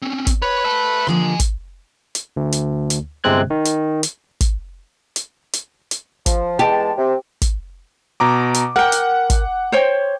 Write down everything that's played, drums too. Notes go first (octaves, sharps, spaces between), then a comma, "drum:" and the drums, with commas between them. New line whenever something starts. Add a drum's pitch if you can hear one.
C4 C#4
drum: kick, hi-hat
B4 C#5
E5 A5
D3 F3 A#3 G#5 C6
drum: kick, hi-hat
drum: hi-hat
D2
drum: hi-hat
drum: hi-hat
G1 C3 G#3 C4 F#6 G#6
D#3
drum: hi-hat
drum: hi-hat
drum: kick, hi-hat
drum: hi-hat
drum: hi-hat
drum: hi-hat
F3, drum: kick, hi-hat
E2 G#3 G4 A5
C3
drum: kick, hi-hat
B2 A#5 D6
drum: hi-hat
A#4 F#5 G5
drum: hi-hat
drum: kick, hi-hat
C5 C#5 G5